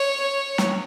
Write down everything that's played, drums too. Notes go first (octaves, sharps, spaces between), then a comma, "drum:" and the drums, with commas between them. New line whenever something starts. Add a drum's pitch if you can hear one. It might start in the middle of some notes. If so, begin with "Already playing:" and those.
Already playing: C#5
drum: snare